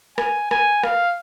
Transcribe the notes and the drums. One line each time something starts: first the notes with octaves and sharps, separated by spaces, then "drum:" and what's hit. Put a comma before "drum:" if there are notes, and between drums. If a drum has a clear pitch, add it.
G#5, drum: rim click
G#5, drum: rim click
F5, drum: rim click